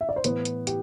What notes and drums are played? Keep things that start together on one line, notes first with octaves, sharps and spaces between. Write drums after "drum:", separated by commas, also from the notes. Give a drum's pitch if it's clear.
E5
D5
C5
A2 E3 B3 B4, drum: hi-hat
drum: hi-hat
G4, drum: hi-hat